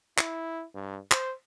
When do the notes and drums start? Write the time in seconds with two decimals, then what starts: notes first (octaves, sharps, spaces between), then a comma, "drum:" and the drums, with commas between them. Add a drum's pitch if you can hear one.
0.18 E4, drum: clap
0.74 G2
1.11 C5, drum: clap